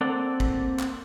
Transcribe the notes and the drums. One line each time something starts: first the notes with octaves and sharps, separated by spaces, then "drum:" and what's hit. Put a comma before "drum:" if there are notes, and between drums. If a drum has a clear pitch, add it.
A#3 C4 A4 D5 F#5
drum: kick
drum: clap